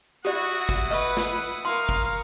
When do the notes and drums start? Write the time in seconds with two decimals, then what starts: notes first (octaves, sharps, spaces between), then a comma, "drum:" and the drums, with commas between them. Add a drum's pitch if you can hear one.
0.25 E4 F#4 G4 D5 F#5 D#6
0.69 drum: kick
0.91 B4 D#5 C#6
1.17 drum: snare
1.65 A#4 F5 C6 C#6
1.89 drum: kick